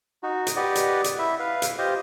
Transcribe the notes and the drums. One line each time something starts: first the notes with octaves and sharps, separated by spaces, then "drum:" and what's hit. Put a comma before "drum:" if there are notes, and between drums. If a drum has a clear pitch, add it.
D#4 F#4
drum: hi-hat
G4 B4 D5 D#5 F#5
drum: hi-hat
drum: hi-hat
E4 E5
B4 F5
drum: hi-hat
F4 G4 C5 D#5